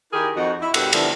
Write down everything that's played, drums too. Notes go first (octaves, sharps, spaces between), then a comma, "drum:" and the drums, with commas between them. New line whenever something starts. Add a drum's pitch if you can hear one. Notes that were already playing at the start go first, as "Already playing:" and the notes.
D#3 E4 G4 G#4 A#4
F2 D#4 F#4
E4
G2 B2 G4 A4 F#5, drum: cymbal
D3 F3 G3 A3 B3 E4, drum: cymbal